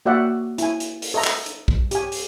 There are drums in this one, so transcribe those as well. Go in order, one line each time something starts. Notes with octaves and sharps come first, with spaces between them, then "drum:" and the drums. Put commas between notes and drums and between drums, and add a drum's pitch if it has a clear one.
A#3 F#4 D5 E5 F#5 G5
E4 G#5, drum: hi-hat
drum: hi-hat
drum: open hi-hat
A4 D#5 E5 A#5
drum: clap
drum: hi-hat
drum: kick
G4 G#5, drum: hi-hat
drum: open hi-hat